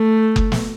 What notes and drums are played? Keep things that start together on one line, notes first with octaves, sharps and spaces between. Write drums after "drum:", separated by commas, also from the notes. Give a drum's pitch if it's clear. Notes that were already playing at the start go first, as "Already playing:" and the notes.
Already playing: A3
drum: kick F#1
drum: snare